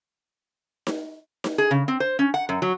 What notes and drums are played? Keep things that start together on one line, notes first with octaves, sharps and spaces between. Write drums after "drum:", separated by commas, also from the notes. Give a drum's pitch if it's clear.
drum: snare D#4
drum: snare D#4
G#4
C#3
C4
C5
C#4
F#5
F#2
F#3